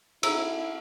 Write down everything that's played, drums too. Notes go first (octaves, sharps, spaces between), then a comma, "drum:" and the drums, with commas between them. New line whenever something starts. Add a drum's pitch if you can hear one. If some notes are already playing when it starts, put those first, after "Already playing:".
D#4 E4 G#4 A#5 E6, drum: cymbal